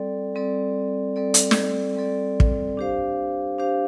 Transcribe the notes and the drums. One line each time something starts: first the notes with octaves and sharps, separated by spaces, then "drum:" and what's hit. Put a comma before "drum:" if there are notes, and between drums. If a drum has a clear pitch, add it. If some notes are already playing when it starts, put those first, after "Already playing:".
Already playing: G3 C4 A4 D5
G3 C4 A4 D5
G3 C4 A4 D5
drum: hi-hat
drum: snare
G3 C4 A4 D5
drum: kick
D4 G4 C5 F5
D4 G4 C5 F5